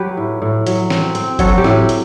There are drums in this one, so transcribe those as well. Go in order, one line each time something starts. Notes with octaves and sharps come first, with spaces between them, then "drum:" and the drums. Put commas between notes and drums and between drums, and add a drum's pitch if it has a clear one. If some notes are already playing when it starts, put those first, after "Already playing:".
Already playing: F#3 G4 B4
A2
A2
F#3, drum: hi-hat
C4, drum: snare
C4, drum: hi-hat
F#3 F#4 A4, drum: kick F#1, hi-hat
G4
A2, drum: snare
drum: hi-hat